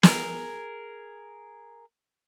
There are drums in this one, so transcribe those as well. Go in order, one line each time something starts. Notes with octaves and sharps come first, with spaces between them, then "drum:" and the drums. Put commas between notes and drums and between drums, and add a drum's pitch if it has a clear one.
G#4 A#4, drum: snare